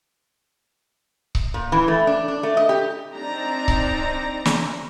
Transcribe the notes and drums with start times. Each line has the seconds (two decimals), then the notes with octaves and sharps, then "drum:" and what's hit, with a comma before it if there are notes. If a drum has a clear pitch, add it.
1.35 drum: kick C#1
1.54 A#2
1.72 E3
1.88 A3
2.07 D4
2.28 D4
2.43 A3
2.57 D#5
2.69 G4
3.15 C4 D4 D#4 D5 A#5
3.68 drum: kick C#1
4.45 drum: snare